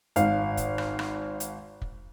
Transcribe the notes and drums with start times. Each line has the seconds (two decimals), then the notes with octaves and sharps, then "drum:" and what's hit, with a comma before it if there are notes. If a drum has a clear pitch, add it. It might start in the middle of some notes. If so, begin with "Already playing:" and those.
0.16 G#1 F5, drum: hi-hat
0.57 drum: kick, hi-hat
0.78 drum: rim click
0.99 drum: rim click
1.40 drum: hi-hat
1.82 drum: kick